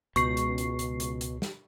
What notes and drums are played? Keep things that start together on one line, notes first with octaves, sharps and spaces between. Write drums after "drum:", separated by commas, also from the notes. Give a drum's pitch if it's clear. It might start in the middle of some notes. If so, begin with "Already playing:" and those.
C#2 B2 C#6 C7, drum: hi-hat
drum: hi-hat
drum: hi-hat
drum: hi-hat
drum: hi-hat
drum: hi-hat
drum: snare